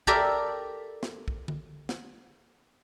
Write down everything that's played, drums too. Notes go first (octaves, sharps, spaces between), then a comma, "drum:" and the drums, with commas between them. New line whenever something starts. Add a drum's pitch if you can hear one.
G4 A4 A#4 D5 E5, drum: kick
drum: snare
drum: kick
drum: tom D3
drum: snare